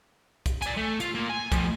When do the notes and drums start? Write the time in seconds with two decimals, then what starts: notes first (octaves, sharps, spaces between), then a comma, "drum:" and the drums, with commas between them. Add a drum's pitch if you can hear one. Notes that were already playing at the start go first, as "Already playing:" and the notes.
0.46 drum: kick, hi-hat
0.62 D5 G#5, drum: hi-hat
0.77 A3
1.00 F4, drum: hi-hat
1.15 A#3 F4
1.30 G#5
1.52 A2 F3, drum: kick, hi-hat